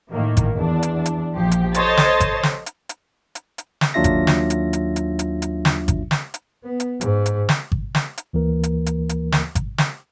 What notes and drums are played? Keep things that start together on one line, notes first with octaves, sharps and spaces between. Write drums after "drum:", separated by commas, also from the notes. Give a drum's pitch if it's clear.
A2 D#3 A#3
drum: kick G#1, hi-hat
E2 D4
drum: hi-hat
drum: hi-hat
A#1 F3 G4
drum: hi-hat
A4 C5 C#5 D#5 C6 A6, drum: hi-hat
drum: snare
drum: kick G#1, hi-hat
drum: snare
drum: hi-hat
drum: hi-hat
drum: hi-hat
drum: hi-hat
drum: snare
D#2 F#3 D4 F4 E5 A#6
drum: kick G#1, hi-hat
drum: snare
drum: hi-hat
drum: hi-hat
drum: hi-hat
drum: hi-hat
drum: hi-hat
drum: snare
drum: kick G#1, hi-hat
drum: snare
drum: hi-hat
B3
drum: hi-hat
G#2, drum: hi-hat
drum: hi-hat
drum: snare
drum: kick G#1
drum: snare
drum: hi-hat
D2 E3 A#3 A#4
drum: hi-hat
drum: hi-hat
drum: hi-hat
drum: snare
drum: kick G#1, hi-hat
drum: snare